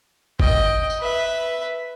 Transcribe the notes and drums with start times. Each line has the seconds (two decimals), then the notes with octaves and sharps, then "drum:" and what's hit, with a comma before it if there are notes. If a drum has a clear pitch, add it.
0.40 D#5 G5, drum: kick G1
0.90 drum: tambourine
1.00 B4 E5